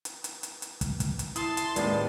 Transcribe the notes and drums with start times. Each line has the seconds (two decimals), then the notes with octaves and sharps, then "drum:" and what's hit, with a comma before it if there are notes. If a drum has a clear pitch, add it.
0.05 drum: hi-hat
0.24 drum: hi-hat
0.43 drum: hi-hat
0.62 drum: hi-hat
0.81 drum: kick, hi-hat
1.00 drum: kick, hi-hat
1.19 drum: hi-hat
1.36 E4 A5 C6 D#6, drum: hi-hat
1.57 drum: hi-hat
1.76 A1 D#2 G3 G#3 A#4 B4, drum: hi-hat